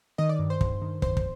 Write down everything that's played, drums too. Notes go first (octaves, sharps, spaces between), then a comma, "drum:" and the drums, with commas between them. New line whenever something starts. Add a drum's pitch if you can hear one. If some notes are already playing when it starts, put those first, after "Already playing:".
D#3 D#5 D#6
D5 D6
G2
C5 C6
G2, drum: kick
D#3
G2 C5 C6, drum: kick
drum: kick